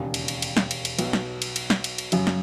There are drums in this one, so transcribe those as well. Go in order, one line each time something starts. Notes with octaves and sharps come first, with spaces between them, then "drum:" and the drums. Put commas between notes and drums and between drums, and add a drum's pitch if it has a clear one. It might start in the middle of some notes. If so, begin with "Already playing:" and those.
Already playing: E1 D#2 C#3
drum: cymbal
drum: cymbal
drum: cymbal
drum: snare
drum: cymbal
drum: cymbal
B1 B2 F#3, drum: cymbal
drum: snare
drum: cymbal
drum: cymbal
drum: snare
drum: cymbal
drum: cymbal
F#2 C#3 F#3, drum: cymbal
drum: snare